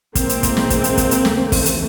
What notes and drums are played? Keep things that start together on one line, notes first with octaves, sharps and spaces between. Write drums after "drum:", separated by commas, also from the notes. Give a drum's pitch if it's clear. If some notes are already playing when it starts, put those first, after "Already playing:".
B1 A2 E3 G#3 A#3 C4, drum: kick, hi-hat
drum: hi-hat
drum: kick, hi-hat
drum: snare
drum: kick, hi-hat
drum: hi-hat
drum: kick, hi-hat
drum: hi-hat
D#2 C#3 E3 A3, drum: snare
drum: kick, open hi-hat
drum: hi-hat